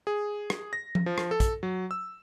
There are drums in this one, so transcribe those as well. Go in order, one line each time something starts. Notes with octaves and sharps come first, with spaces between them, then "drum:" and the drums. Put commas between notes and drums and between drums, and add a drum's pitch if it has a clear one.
G#4
drum: rim click
A#6
drum: tom F3
F3
drum: rim click
A4
drum: kick, hi-hat
F#3
E6